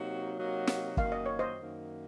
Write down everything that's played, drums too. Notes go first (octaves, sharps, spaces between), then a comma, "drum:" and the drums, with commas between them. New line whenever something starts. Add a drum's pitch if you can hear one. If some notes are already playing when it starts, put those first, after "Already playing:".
Already playing: C3 F#3 A#3 D#4 F#4
C3 F#3 A#3 D#4 F#4
drum: snare
F#2 D#3 A#3 F5, drum: kick
D#5
C#5
C5 D#5
F#2 D#3 A#3